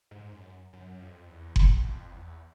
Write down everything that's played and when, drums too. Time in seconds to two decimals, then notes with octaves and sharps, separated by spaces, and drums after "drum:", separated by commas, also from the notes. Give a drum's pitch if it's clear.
0.11 G#2
0.32 F#2
0.73 F#2
0.94 F#2
1.01 F2
1.28 E2
1.56 E2, drum: kick F#1
1.84 F2
2.11 E2